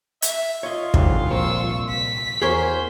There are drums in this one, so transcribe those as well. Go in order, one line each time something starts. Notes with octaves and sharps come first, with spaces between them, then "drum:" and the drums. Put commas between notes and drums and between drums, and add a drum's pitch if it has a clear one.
E5, drum: hi-hat
F4 C#5 D#5
C2 G#2 D3 F#3, drum: kick
A#1 A#4 C5 C#6 E6
B6
E2 G#4 A#4 C5 C#5